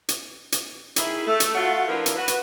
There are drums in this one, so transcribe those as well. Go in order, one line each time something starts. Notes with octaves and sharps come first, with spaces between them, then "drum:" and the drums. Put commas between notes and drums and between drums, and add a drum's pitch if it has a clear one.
drum: hi-hat
drum: hi-hat
D#3 E4 G#4, drum: hi-hat
A3
drum: hi-hat
A3 F4 F#4
F3 D4 E4 F4 A#4 B4
drum: hi-hat
F#4 B4
drum: hi-hat